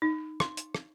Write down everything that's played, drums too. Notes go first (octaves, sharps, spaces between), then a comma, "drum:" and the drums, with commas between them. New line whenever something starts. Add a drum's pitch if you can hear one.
D#4
C6, drum: rim click
drum: hi-hat
drum: rim click